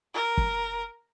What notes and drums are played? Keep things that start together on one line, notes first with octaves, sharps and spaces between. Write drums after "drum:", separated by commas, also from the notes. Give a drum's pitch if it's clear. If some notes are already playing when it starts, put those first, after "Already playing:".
A#4
drum: kick